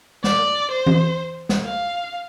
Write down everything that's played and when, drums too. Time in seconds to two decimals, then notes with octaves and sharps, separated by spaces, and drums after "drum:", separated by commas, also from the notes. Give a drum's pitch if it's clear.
0.24 D5, drum: snare
0.71 C5
0.86 drum: tom E3
1.49 drum: snare
1.65 F5